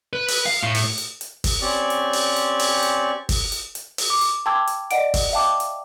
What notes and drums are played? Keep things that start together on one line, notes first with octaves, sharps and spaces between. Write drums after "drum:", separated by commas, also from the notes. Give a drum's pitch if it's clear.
B4
drum: open hi-hat
F5
A2
drum: open hi-hat
drum: hi-hat
drum: hi-hat
drum: kick, open hi-hat
C4 C#4 G4 D5 C#6
drum: hi-hat
drum: open hi-hat
drum: hi-hat
drum: open hi-hat
drum: hi-hat
drum: kick, open hi-hat
drum: hi-hat
drum: hi-hat
drum: open hi-hat
D6
drum: hi-hat
G5 A5 C6 D6 E6 G#6
drum: hi-hat
D5 D#5 F#5 D7, drum: hi-hat
drum: kick, open hi-hat
E5 F5 G5 A5 D6
drum: hi-hat